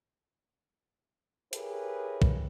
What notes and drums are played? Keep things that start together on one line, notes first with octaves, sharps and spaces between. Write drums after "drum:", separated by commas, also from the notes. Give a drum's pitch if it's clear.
E4 G4 G#4 A#4 B4 C#5, drum: hi-hat
drum: kick